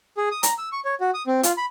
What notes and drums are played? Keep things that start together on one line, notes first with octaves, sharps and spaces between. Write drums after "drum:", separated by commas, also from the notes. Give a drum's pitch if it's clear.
G#4
D#6
A#5, drum: hi-hat
E6
C#6
C#5
F#4
D#6
C4
F4, drum: hi-hat
B5